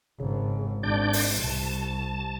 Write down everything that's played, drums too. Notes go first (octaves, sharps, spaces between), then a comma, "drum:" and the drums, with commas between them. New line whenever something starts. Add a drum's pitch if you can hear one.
G#1 G#2 C#3
G#1 D4 D5 G6
drum: open hi-hat
C2 A5